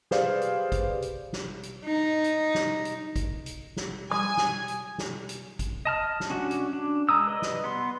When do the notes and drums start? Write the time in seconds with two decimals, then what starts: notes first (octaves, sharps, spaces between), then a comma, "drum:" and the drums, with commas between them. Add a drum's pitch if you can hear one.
0.11 G4 G#4 B4 C5 D5 F5, drum: snare
0.41 drum: hi-hat
0.72 drum: kick G#1, hi-hat
1.02 drum: hi-hat
1.33 drum: snare
1.63 drum: hi-hat
1.85 D#4
2.24 drum: hi-hat
2.55 drum: snare
2.85 drum: hi-hat
3.16 drum: kick G#1, hi-hat
3.46 drum: hi-hat
3.77 drum: snare
4.12 G#5 D#6
4.37 drum: snare
4.68 drum: hi-hat
4.98 drum: snare
5.29 drum: hi-hat
5.59 drum: kick G#1, hi-hat
5.85 D#5 A5 F6
6.20 drum: snare
6.30 C#4 D4 F#4
6.51 drum: hi-hat
6.73 D4
7.09 G#3 A#5 D#6 E6
7.27 B4 D5 D#5
7.42 drum: snare
7.64 B3 C6